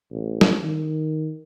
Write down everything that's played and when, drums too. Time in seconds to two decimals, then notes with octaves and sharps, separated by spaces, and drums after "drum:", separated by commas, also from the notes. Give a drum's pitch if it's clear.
0.11 A1
0.41 drum: snare
0.63 D#3